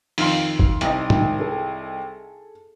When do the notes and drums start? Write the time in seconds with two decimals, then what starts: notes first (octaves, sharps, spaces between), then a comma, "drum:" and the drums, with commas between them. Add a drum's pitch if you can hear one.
0.18 F2 D#3 F5 C6, drum: open hi-hat
0.59 drum: kick
0.81 C2 D#4 D#5, drum: hi-hat
1.10 G#2 D#3, drum: tom
1.39 G#4 A4